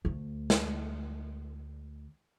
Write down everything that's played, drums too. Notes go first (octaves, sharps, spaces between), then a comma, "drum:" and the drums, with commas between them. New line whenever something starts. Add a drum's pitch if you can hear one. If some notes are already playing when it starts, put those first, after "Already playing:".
D2 A3
drum: snare